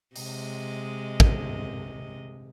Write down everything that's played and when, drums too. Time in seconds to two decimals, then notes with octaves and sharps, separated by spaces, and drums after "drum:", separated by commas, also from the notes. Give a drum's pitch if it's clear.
0.16 C3 G#3 D#5, drum: open hi-hat
1.20 drum: kick